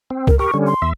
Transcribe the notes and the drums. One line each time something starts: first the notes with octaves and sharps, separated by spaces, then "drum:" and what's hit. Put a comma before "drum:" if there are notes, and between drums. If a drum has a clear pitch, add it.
C4
A#4, drum: kick
G4 A#4 C#6
D3 G3 C#4
C6
E2 E5